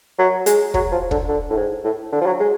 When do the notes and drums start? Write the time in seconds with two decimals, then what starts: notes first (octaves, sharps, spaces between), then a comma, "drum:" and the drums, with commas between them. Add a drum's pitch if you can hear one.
0.19 F#3
0.46 G#3, drum: hi-hat
0.74 F#3, drum: kick
0.92 F3
1.11 D3, drum: kick
1.29 D3
1.50 A2
1.57 G#2
1.84 A2
2.12 D3
2.21 F3
2.26 F#3
2.40 G#3